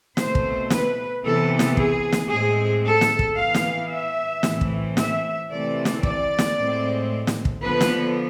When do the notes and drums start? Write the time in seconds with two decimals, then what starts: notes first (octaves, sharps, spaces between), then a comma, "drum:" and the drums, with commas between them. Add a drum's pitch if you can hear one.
0.17 B2 A3 C4 C5, drum: snare
0.35 drum: kick
0.70 B4, drum: snare
1.24 C3 E3 B3 A4
1.59 drum: snare
1.77 G#4, drum: kick
2.12 drum: snare
2.30 A2 G#3 C4 G#4
2.84 A4
3.01 drum: snare
3.19 drum: kick
3.36 E3 B3 F5
3.55 drum: snare
3.89 E5
4.43 A2 E3 A3 C4, drum: snare
4.61 drum: kick
4.97 E5, drum: snare
5.50 C3 E3 A3 C4 D5
5.85 drum: snare
6.03 D5, drum: kick
6.39 drum: snare
6.56 A2 G#3 C4
7.27 drum: snare
7.45 drum: kick
7.63 D3 F3 B3 B4
7.81 drum: snare